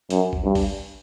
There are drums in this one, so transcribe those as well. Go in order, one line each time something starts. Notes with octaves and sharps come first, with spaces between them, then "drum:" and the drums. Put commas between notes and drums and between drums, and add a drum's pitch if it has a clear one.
F#2, drum: hi-hat
drum: kick
G2
drum: kick, open hi-hat